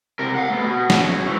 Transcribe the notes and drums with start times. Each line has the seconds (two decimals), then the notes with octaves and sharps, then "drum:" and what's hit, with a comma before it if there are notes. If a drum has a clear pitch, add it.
0.19 C3 A#4
0.35 F5 F#5
0.50 A3 B3
0.64 B2
0.90 drum: snare
1.04 F#2 C#5
1.26 G#2 E3